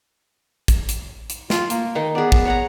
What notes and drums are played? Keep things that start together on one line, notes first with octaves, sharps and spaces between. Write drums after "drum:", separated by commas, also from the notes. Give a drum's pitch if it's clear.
drum: kick, hi-hat
drum: hi-hat
drum: hi-hat
F4, drum: snare
A#3, drum: hi-hat
D#3 D#4
B3 G#4 D5
drum: kick
C#5 F#5 A#5